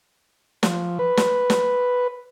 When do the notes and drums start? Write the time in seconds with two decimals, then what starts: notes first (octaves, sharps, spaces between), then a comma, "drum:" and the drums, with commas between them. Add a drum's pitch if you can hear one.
0.63 F3, drum: snare
0.99 B4
1.17 drum: snare
1.50 drum: snare